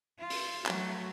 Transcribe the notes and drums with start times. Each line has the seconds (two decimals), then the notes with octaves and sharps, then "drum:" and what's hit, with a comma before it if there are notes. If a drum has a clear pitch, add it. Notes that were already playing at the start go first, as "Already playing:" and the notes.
0.19 F4
0.30 drum: open hi-hat
0.66 F#3 A3, drum: clap